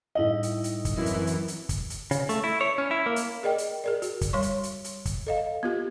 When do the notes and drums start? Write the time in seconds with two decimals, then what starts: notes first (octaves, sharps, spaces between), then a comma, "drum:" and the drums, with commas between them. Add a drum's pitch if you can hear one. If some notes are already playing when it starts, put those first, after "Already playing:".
0.15 A2 G3 D#4 E4 D#5
0.43 drum: hi-hat
0.64 drum: hi-hat
0.85 drum: kick, hi-hat
0.96 F#2 E3 C4 E4 A#4
1.06 drum: hi-hat
1.27 drum: hi-hat
1.48 drum: hi-hat
1.69 drum: kick, hi-hat
1.90 drum: hi-hat
2.11 C#3, drum: hi-hat
2.29 A3, drum: hi-hat
2.44 E4
2.61 C#5
2.78 C#4
2.91 E4
3.06 A#3
3.16 drum: hi-hat
3.43 G#4 A#4 D5 D#5 G5
3.58 drum: hi-hat
3.84 G#4 A#4 D5
4.02 F#4, drum: hi-hat
4.21 drum: kick, hi-hat
4.33 G3 C#5 C6 C#6
4.42 drum: hi-hat
4.63 drum: hi-hat
4.84 drum: hi-hat
5.05 drum: kick, hi-hat
5.27 A4 D#5 F5
5.63 B3 F4 G4